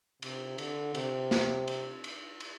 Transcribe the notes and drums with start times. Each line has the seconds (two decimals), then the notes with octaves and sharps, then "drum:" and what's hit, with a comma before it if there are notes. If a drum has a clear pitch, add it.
0.22 C3, drum: cymbal
0.58 D3, drum: cymbal
0.95 C3, drum: cymbal
1.31 drum: snare
1.68 drum: cymbal
2.04 drum: cymbal
2.40 drum: cymbal